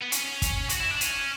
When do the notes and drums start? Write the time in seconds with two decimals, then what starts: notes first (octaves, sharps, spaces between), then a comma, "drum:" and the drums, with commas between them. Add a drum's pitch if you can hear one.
0.02 B3
0.12 C#4, drum: hi-hat
0.42 drum: kick, hi-hat
0.69 F#4, drum: hi-hat
0.80 E4
0.91 D4
1.01 C#4, drum: hi-hat